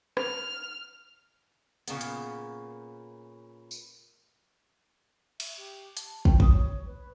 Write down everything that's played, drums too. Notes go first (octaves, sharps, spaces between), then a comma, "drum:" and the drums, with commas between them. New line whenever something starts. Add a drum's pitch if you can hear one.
F6, drum: rim click
A#2 C#3 A#3 B3, drum: hi-hat
drum: hi-hat
drum: tambourine
E5, drum: cymbal
G4
A5, drum: hi-hat
G5, drum: kick
D#6, drum: kick
C#5
B4